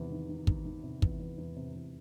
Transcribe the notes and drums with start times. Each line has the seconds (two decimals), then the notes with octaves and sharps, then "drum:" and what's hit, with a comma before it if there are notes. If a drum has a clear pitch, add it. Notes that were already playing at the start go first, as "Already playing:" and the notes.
Already playing: E2 C3 D#3
0.11 D#3
0.29 D#3
0.47 D#3, drum: kick
0.66 D#3
0.84 C3
1.02 E2, drum: kick
1.20 E2
1.38 E2
1.56 C3
1.74 E2